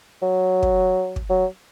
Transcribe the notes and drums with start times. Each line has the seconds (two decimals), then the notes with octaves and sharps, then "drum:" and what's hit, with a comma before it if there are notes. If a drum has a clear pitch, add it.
0.22 F#3
0.63 drum: kick
1.16 drum: kick
1.29 F#3